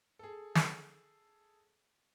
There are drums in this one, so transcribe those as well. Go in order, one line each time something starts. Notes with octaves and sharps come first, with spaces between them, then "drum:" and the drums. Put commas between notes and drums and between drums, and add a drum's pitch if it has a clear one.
G#4 A4
drum: snare